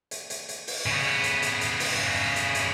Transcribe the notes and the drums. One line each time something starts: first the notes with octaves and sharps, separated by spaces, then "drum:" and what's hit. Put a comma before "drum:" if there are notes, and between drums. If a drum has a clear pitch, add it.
drum: hi-hat
drum: hi-hat
drum: hi-hat
drum: open hi-hat
C#3 B3
drum: hi-hat
drum: hi-hat
drum: hi-hat
drum: open hi-hat
drum: hi-hat
drum: hi-hat